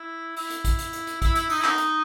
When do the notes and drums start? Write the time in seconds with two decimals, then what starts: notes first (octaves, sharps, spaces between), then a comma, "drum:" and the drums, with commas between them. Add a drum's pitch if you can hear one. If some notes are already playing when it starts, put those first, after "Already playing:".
Already playing: E4
0.36 E4, drum: open hi-hat
0.50 drum: hi-hat
0.65 drum: kick, hi-hat
0.79 drum: hi-hat
0.93 drum: hi-hat
1.07 drum: hi-hat
1.22 E4, drum: kick, hi-hat
1.35 E4, drum: hi-hat
1.50 D#4, drum: open hi-hat
1.60 E4
1.64 D#4, drum: clap
1.78 drum: hi-hat